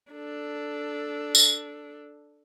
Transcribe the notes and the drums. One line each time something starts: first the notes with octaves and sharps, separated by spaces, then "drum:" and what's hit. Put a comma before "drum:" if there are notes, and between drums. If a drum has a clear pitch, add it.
D4 A4
drum: tambourine